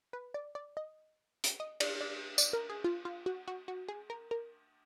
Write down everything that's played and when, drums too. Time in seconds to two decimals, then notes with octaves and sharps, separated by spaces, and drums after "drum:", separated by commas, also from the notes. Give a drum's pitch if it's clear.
0.13 B4
0.34 D5
0.55 D5
0.77 D#5
1.44 drum: hi-hat
1.60 D#5
1.80 D5, drum: cymbal
2.01 D5
2.38 D5, drum: tambourine
2.53 A#4
2.70 G#4
2.84 F4
3.05 F4
3.26 F#4
3.48 F#4
3.68 F#4
3.88 G#4
4.10 A#4
4.31 A#4